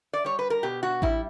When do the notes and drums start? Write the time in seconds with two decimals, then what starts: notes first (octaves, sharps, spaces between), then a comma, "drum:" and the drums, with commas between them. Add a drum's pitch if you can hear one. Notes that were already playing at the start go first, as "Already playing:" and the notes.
0.13 D5
0.24 G3 C#5
0.39 B4
0.50 A#4
0.63 B2 G4
0.83 F#4
1.02 G3 E4, drum: kick A1